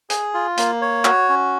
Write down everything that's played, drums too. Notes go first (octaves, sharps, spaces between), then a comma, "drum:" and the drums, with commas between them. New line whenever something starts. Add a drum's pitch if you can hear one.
G#4, drum: hi-hat
F4
A#3, drum: hi-hat
C#5
F#4, drum: clap
C#4